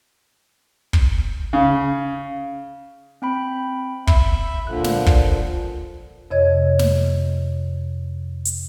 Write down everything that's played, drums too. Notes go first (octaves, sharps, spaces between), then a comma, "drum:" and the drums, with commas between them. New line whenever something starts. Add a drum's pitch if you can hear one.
drum: kick
C#3
C4 G5 B5
E5 B5, drum: kick
A#2 D3 F3 F#6
drum: snare
drum: kick
F2 C3 C#5 D#5 G#6
drum: snare
drum: hi-hat